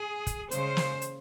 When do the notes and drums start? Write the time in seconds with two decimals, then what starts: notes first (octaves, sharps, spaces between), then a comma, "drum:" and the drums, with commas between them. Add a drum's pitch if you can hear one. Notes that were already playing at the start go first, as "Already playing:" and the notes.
Already playing: G#4
0.27 drum: kick, hi-hat
0.51 C#3 G#3 C5, drum: hi-hat
0.77 drum: snare
1.02 drum: hi-hat